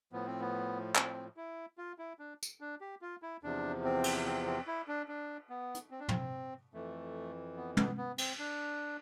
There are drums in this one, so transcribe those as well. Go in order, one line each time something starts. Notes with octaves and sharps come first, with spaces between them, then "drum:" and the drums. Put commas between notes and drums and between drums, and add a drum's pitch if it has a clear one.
A2 F3 B3
C4
B3
C4, drum: clap
E4
F4
E4
D4
drum: tambourine
D4
G4
F4
E4
E2 C3 F3 D4
C4
drum: cymbal
C4
C4
E4
D4
D4
B3
drum: hi-hat
C4
D4
C4, drum: tom
F2 E3 A3
B3
B3, drum: tom
B3
C4, drum: cymbal
D4